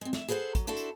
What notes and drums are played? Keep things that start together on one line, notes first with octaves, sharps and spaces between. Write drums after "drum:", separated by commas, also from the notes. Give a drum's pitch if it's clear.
G#3 C4
E5, drum: snare
G#4 A4 B4 C5 F#5
F#3, drum: kick, hi-hat
D4 E4 F#4 A4 C5
drum: hi-hat